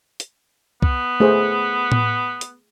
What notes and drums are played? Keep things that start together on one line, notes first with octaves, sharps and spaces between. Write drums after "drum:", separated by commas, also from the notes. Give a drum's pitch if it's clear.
drum: hi-hat
B3, drum: kick C2
A3 G#4 C5
drum: tom A2
drum: hi-hat